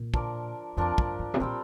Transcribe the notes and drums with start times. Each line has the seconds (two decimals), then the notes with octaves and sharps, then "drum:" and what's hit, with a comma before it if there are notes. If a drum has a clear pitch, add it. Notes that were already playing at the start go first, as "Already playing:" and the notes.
Already playing: A#2
0.14 F3 D4 A#4 D5, drum: kick
0.77 F2 F3 D4 A#4 D5
0.98 G2, drum: kick
1.19 G2
1.34 C3
1.40 A#2 G3 C4 A#4